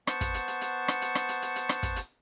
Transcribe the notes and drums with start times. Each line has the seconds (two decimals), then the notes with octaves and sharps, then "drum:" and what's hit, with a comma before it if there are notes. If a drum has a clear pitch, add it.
0.07 B3 C5 F#5 A5 C#6, drum: rim click
0.21 drum: kick, hi-hat
0.34 drum: hi-hat
0.48 drum: hi-hat
0.61 drum: hi-hat
0.88 drum: rim click
1.02 drum: hi-hat
1.15 drum: rim click
1.29 drum: hi-hat
1.42 drum: hi-hat
1.56 drum: hi-hat
1.69 drum: rim click
1.83 drum: kick, hi-hat
1.96 drum: hi-hat